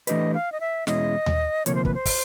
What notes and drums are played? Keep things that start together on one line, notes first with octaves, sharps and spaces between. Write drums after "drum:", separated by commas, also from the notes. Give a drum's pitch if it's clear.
E3 A3 D4 G4 B4 D#5, drum: hi-hat
F5
D#5
E5
E2 B2 G#3 C#4 E4 D#5, drum: snare
drum: tom D#2
D2 C3 F3 A#3 C#5, drum: hi-hat
C5
B4, drum: kick
C5
drum: kick, open hi-hat